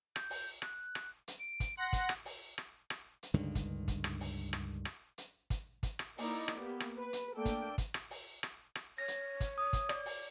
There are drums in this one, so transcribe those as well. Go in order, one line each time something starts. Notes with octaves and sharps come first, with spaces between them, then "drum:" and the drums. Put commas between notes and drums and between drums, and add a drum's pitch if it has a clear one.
G6, drum: rim click
drum: open hi-hat
F#6, drum: rim click
drum: rim click
drum: hi-hat
D7
drum: kick, hi-hat
F#5 C6 A#6
drum: kick, hi-hat
drum: rim click
drum: open hi-hat
drum: rim click
drum: rim click
drum: hi-hat
C#2 G2 D3 D#3
drum: kick, hi-hat
drum: kick, hi-hat
drum: rim click
drum: open hi-hat
drum: rim click
drum: rim click
drum: hi-hat
drum: kick, hi-hat
drum: kick, hi-hat
drum: rim click
A#3 D#4 E4 D5, drum: open hi-hat
drum: rim click
A#3 B3 G4
drum: rim click
B4
drum: hi-hat
A3 A#3 D4 A4 G5
drum: kick, hi-hat
drum: kick, hi-hat
drum: rim click
drum: open hi-hat
drum: rim click
drum: rim click
C#5 A#6
drum: hi-hat
drum: kick, hi-hat
D#6
drum: kick, hi-hat
D5, drum: rim click
drum: open hi-hat